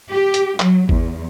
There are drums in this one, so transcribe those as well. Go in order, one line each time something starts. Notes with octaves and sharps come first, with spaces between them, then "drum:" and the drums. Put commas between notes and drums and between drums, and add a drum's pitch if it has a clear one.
G4
drum: hi-hat
F#3, drum: clap
E2, drum: kick G#1